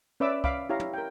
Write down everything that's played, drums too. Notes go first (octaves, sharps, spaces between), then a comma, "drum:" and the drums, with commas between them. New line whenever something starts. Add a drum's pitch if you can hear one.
C#4 B4 D5 E5 D6 E6
F5 B5 D6, drum: kick C2
E4 G4 C#5 F5 A#5
drum: tom
A#4 G5